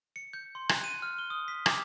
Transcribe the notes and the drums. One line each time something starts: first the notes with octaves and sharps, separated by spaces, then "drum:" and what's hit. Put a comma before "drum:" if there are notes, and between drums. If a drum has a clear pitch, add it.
C#7
G6
C6
F#6, drum: rim click
D#7
F6
G7
D#6
B6
D6, drum: rim click